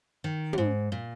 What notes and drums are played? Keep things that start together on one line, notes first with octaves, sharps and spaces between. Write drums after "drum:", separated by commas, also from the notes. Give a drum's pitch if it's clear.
D#3
F#2, drum: tom
G#2
A#2